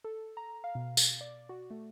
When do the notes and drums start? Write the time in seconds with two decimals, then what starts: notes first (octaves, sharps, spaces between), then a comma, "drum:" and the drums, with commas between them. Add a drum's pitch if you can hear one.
0.04 A4
0.37 A#5
0.64 F5
0.75 B2
0.97 drum: tambourine
1.21 D5
1.49 F#4
1.70 A3